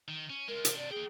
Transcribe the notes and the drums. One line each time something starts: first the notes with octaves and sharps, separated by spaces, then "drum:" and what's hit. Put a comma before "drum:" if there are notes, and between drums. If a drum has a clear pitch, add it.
D#3
C#4
G#3 F4 A#4
C3 D4, drum: hi-hat
D5
A#3 G#4 G5